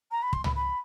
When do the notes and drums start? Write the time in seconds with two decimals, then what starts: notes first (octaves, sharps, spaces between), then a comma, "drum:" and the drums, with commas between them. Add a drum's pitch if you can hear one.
0.11 A#5
0.22 B5
0.33 C6, drum: kick
0.44 B5, drum: tom
0.55 B5